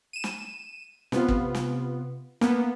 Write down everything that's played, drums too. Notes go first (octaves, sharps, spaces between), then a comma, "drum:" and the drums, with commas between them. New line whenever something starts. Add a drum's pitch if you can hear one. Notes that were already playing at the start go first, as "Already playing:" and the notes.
D#7 E7
drum: snare
C3 B3 F4, drum: snare
drum: kick
drum: snare
A#3 B3, drum: snare